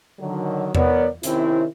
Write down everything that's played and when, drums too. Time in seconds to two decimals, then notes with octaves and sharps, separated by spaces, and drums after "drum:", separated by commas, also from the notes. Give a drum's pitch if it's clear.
0.20 D3 D#3 F#3
0.75 B3 A#4 C#5 D5, drum: tom E2
1.23 C3 D#3 C4 C#4 E4, drum: hi-hat